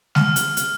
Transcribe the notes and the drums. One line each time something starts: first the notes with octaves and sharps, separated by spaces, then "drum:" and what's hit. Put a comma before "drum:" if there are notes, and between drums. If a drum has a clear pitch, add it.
F6, drum: snare G#3
drum: hi-hat
drum: hi-hat